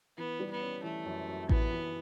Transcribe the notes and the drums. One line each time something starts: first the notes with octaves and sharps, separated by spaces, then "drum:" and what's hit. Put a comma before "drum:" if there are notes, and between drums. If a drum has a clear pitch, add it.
E3 B3
G3
B3
C#4
E3 A3
F#2
F#2
E3 B3, drum: kick A1
E3